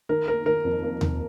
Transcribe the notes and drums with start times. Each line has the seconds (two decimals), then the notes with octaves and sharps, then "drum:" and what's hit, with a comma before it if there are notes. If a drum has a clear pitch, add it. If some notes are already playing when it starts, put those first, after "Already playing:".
0.09 D#3 A#4
0.28 A#3 A#4
0.46 D#3 A#4
0.64 F2
0.83 A#3
1.01 D#3, drum: tom D#2